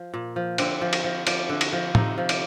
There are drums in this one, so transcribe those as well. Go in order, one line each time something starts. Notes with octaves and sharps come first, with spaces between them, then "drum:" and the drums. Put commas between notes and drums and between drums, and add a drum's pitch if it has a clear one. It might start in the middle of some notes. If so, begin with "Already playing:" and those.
Already playing: F3
A#2
F3
D3 C4, drum: cymbal
F3
drum: cymbal
F3
F3, drum: cymbal
D3
drum: cymbal
F3
C3 D#4, drum: tom
F3
drum: cymbal